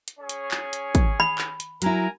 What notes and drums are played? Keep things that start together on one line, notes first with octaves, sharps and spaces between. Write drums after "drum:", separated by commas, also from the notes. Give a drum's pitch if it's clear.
drum: hi-hat
C#4 G#4 C#5
drum: hi-hat
drum: clap
drum: hi-hat
drum: kick, hi-hat
B5
drum: clap
drum: hi-hat
F#3 E4 A#4 G#5 A#5, drum: hi-hat